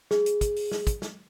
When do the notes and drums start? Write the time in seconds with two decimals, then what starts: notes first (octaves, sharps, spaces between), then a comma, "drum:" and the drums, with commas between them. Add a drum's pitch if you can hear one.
0.11 G#4, drum: snare
0.26 drum: hi-hat
0.41 drum: kick, hi-hat
0.56 drum: open hi-hat
0.72 drum: snare
0.87 drum: kick, hi-hat
1.02 drum: snare